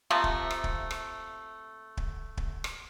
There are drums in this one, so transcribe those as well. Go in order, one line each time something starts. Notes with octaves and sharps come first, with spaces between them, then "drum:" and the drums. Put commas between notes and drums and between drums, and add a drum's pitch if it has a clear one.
C3 F3 A3 A#3
drum: kick
drum: rim click
drum: kick
drum: rim click
drum: kick
drum: kick
drum: rim click